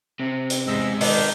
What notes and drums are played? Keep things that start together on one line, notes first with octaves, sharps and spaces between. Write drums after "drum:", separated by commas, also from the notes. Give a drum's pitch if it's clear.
C3
drum: hi-hat
E2 G#2 D#5 E6
D#3 B4 D5 A5, drum: open hi-hat